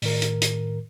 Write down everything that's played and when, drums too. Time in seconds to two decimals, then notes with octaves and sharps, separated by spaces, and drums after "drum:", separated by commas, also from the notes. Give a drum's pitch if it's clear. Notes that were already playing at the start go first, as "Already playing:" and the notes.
0.02 A2 D#3 A#4, drum: open hi-hat
0.22 drum: hi-hat
0.42 drum: hi-hat